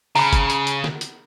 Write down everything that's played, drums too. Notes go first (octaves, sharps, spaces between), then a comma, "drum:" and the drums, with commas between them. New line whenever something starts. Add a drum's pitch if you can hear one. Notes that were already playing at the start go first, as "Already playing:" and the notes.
C#3 A#5 B5, drum: open hi-hat
drum: kick G1, hi-hat
drum: hi-hat
drum: hi-hat
drum: snare
drum: hi-hat